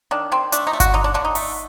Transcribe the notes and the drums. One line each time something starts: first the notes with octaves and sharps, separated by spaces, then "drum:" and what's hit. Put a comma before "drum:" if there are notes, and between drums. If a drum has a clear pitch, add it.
D#3 D4
D#3 C4
A3 D4, drum: hi-hat
D#4
A3
F#4, drum: kick G1, hi-hat
D3 D#4
D4
D3 D4
D#4
A3, drum: open hi-hat